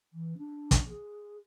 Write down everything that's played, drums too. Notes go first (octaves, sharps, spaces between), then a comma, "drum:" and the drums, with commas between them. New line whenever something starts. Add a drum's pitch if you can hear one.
E3
D4
drum: kick, hi-hat
G#4